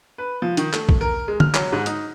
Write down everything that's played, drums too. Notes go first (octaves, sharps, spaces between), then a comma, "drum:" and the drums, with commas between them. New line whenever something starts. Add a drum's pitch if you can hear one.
B4
F3
D#3, drum: hi-hat
A3, drum: clap
drum: kick
A#4
G#3
F6, drum: tom
F#3, drum: clap
G#2
D#4, drum: hi-hat